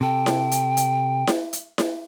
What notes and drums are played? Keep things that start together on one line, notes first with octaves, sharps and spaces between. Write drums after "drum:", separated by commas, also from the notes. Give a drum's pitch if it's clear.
C3 A4 G5
drum: snare E4
drum: hi-hat
drum: hi-hat
drum: snare E4
drum: hi-hat
drum: snare E4